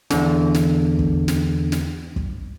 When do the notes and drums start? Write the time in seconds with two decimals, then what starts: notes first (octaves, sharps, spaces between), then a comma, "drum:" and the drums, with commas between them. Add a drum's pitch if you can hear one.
0.10 E2 D3, drum: snare
0.55 drum: snare
0.99 drum: kick
1.28 drum: snare
1.72 drum: snare
2.16 drum: kick